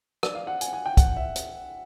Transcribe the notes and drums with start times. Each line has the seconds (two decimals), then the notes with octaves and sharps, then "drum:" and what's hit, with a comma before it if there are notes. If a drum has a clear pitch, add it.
0.23 D5, drum: rim click
0.35 F5
0.47 F#5
0.61 G#5, drum: hi-hat
0.73 G#5
0.86 G5
0.97 F#5, drum: kick, hi-hat
1.17 E5
1.36 drum: hi-hat